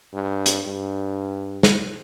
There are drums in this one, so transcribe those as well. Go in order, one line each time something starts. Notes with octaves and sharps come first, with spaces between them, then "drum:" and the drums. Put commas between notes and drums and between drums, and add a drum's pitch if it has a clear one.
G2
drum: hi-hat
G2
drum: snare